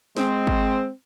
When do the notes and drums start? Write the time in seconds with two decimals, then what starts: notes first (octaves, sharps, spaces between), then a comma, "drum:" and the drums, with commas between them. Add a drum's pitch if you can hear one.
0.17 G#3 C4, drum: snare
0.47 drum: kick